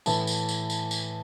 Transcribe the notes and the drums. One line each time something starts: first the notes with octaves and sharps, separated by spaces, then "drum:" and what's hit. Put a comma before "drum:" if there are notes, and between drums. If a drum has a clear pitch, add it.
A2 E3 A5, drum: tambourine
drum: tambourine
drum: tambourine
drum: tambourine
drum: tambourine